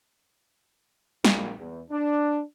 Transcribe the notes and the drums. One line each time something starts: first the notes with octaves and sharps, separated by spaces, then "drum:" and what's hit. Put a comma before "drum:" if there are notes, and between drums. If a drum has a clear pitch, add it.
A#1, drum: snare
E2
D4